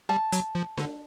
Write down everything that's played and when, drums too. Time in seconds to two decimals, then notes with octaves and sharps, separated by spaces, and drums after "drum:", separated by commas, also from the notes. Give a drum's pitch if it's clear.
0.09 G3 A5
0.32 F#3, drum: hi-hat
0.55 F3
0.77 D3, drum: snare D4